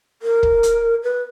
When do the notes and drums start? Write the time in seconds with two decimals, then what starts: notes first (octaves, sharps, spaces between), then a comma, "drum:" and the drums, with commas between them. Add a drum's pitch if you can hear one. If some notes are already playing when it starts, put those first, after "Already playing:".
0.22 A#4
0.43 drum: kick
0.63 drum: hi-hat
1.03 B4